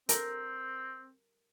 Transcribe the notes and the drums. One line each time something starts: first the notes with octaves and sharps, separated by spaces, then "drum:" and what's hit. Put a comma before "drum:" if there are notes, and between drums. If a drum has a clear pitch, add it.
C4 A#4, drum: hi-hat